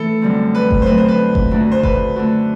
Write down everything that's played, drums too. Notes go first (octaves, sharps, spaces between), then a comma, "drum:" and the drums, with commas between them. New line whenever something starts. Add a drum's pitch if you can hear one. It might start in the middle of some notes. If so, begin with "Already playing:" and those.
Already playing: E3 A3 A4
F#2 D3 G3 C4
B4
drum: kick F#1
C5
D3 F#3 A3 C4 B4
C5
B4
drum: kick F#1
D2 D3 A3 D4 F#4
C5
B4, drum: kick F#1
D3 A3 D4 F#4 A4